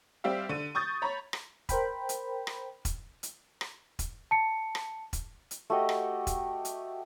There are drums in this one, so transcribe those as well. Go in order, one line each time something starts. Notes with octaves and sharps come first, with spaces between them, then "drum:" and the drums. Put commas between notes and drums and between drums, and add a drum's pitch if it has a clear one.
G3 C4 G4 E5 F5
D3 D#7
C#6 D#6 G6 A6
C#5 A#5 B5
drum: rim click
A#4 C5 G5 B5, drum: kick E1, hi-hat
drum: hi-hat
drum: rim click
drum: kick E1, hi-hat
drum: hi-hat
drum: rim click
drum: kick E1, hi-hat
A5 C#7
drum: rim click
drum: kick E1, hi-hat
drum: hi-hat
A3 F#4 G4 D#5
drum: rim click
drum: kick E1, hi-hat
drum: hi-hat